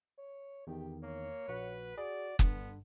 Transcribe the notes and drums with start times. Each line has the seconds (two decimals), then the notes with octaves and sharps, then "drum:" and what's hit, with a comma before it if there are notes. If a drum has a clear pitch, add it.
0.18 C#5
0.67 E2 D#3 G4
1.03 A#3 C#5
1.48 A#1 F#4 B4 F#5
1.98 F#4 G#4 D5
2.39 G2 D3 B3, drum: kick